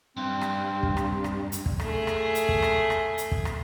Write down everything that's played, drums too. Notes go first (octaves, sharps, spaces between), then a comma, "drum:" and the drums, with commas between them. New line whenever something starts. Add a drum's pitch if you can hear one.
G2 C4
drum: rim click
drum: kick
drum: rim click
drum: rim click
drum: hi-hat
drum: kick
A3 G#4, drum: rim click
drum: rim click
drum: hi-hat
drum: kick
drum: rim click
drum: rim click
drum: hi-hat
drum: kick
drum: rim click